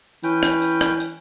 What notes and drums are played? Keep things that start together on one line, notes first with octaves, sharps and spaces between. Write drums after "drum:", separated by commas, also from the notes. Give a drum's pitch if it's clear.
E3 C#4 B4 G5, drum: tambourine
drum: rim click
drum: tambourine
drum: rim click
drum: tambourine